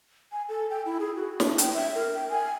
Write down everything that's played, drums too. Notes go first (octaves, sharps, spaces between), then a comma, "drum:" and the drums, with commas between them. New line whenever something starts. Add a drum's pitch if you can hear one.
G#5
A4
G5
E4
G#4
F#4
D4, drum: snare
G5, drum: hi-hat
E5
A#4
G5
G#5